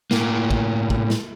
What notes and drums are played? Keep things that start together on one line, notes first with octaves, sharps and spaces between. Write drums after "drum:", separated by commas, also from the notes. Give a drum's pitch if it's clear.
A2 A#3, drum: snare
drum: kick
drum: kick
drum: snare